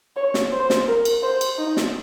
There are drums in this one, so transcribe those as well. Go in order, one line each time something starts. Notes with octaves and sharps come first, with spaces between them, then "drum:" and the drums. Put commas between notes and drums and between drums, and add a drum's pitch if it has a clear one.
C#5
drum: snare
C5
drum: snare
A#4
drum: cymbal
C5
drum: cymbal
D#4
drum: snare